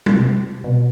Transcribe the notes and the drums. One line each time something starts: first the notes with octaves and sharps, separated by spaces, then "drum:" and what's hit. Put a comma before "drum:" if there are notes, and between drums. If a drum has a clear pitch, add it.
drum: tom
C3
B2